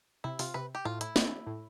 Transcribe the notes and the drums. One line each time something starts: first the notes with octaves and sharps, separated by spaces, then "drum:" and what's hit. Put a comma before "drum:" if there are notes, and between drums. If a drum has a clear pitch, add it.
C3 E4
C3 F4, drum: open hi-hat
C3 B4
G4
A2 F4
E4, drum: hi-hat
drum: snare
A2